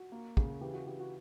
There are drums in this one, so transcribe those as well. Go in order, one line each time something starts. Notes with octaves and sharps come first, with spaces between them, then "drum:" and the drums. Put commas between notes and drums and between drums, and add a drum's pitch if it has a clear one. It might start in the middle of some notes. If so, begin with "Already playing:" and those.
Already playing: F#4
A#3
C#3, drum: kick
E3 G4
F#4
E3 G4
F#4